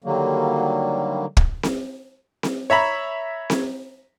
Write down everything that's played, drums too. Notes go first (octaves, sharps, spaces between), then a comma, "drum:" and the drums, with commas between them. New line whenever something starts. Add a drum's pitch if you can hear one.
D3 D#3 F#3 G3 A#3
drum: kick
drum: snare C4
drum: snare C4
C#5 E5 A#5 B5
drum: snare C4